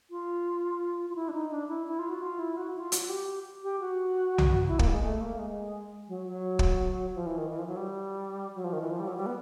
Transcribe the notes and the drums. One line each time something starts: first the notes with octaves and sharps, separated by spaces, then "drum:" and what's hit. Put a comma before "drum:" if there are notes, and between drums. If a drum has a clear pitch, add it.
F4
F4
E4
D4
D#4
D4
E4
E4
F4
F#4
F4
E4
F#4
E4
F4
F#4, drum: hi-hat
F#4
G4
G4
F#4
drum: tom B1
E4
A#3, drum: kick
G3
G#3
A3
A#3
G#3
F#3
F#3
drum: kick
F3
E3
D#3
E3
F3
F#3
G3
F#3
F3
D#3
E3
F3
G3
F#3
G3
B3